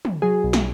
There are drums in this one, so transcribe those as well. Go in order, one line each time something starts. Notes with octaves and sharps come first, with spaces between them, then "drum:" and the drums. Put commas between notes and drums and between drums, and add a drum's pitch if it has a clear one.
drum: tom
F#3 G#4
B1
drum: snare